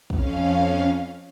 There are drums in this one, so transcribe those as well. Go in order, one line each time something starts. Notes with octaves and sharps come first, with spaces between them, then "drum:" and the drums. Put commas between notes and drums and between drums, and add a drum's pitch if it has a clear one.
F2 C#4 F5, drum: kick